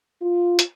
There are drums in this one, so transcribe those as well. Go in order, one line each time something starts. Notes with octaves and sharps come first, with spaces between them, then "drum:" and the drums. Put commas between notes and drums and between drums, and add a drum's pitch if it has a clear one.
F4
drum: hi-hat